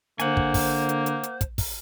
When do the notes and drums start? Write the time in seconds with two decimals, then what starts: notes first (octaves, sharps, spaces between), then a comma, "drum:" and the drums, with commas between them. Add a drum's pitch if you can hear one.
0.20 D3 A#3 C5 F#5 G#5, drum: hi-hat
0.37 drum: kick
0.54 drum: kick, open hi-hat
0.89 drum: hi-hat
1.06 drum: hi-hat
1.23 drum: hi-hat
1.41 drum: kick, hi-hat
1.58 drum: kick, open hi-hat